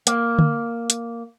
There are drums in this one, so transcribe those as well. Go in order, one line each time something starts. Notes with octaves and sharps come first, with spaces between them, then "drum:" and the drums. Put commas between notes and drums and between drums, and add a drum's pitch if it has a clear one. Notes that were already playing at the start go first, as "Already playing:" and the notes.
A#3, drum: hi-hat
drum: tom D3
drum: hi-hat